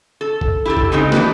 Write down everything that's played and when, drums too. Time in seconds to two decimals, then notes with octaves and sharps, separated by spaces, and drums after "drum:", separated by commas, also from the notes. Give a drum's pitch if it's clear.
0.21 A4
0.41 drum: kick
0.65 E4 G4 A4
0.77 drum: kick
0.92 C#3 G#3 C4 D#4 G4
1.12 D#3 E3 D4 G4 B4, drum: snare